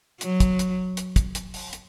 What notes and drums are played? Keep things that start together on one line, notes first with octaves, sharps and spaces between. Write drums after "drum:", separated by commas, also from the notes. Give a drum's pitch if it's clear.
F#3, drum: hi-hat
drum: kick, hi-hat
drum: hi-hat
drum: hi-hat
drum: kick, hi-hat
drum: hi-hat
drum: open hi-hat
drum: hi-hat